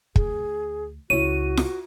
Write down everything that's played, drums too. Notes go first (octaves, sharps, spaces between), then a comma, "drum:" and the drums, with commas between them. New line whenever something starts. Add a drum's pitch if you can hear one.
D2 G#4, drum: kick
C#2 E4 F#4 C#5 D#7
drum: snare